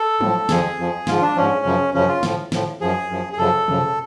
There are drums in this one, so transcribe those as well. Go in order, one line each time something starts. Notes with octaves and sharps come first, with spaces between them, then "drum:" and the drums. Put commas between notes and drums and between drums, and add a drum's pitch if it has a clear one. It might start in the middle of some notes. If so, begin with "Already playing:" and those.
Already playing: A4
A2 F3, drum: tom
F2 F3 G#4, drum: snare
F2 F3
G#2 F3 F4, drum: snare
D4
G#2 F3 C#4
F#2 C#3 F3
F#2 C#3 F3 C#4
F4
A2 F3, drum: snare
A2 F3, drum: snare
F#2 F3 G#4
F#2 F3
G#4
F#2 C#3 F3 A4
F#2 C#3 F3, drum: tom